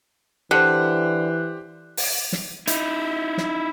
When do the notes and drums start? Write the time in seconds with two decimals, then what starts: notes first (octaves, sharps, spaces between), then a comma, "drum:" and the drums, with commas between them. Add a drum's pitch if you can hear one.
0.51 D3 E3 G4 C5 F#6
1.97 drum: open hi-hat
2.32 drum: snare
2.67 D#4 E4, drum: hi-hat
3.38 drum: snare